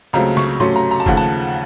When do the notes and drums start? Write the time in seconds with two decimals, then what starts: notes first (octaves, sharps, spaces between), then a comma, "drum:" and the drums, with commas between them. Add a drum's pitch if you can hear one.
0.13 C#2 C#3 F#3 A3 C4 A#5
0.37 C#6, drum: snare
0.60 C3 F#3 A3 C#4 C6, drum: tom G#2
0.76 A#5
0.91 A#5
1.00 A5
1.06 D#2 C#3 F3 A3 F#5, drum: kick
1.17 A5